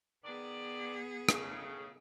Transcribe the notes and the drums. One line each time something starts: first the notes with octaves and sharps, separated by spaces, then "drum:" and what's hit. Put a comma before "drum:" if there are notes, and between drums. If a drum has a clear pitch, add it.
D#3 B3 G#4 B4 D5
A2 C#3, drum: rim click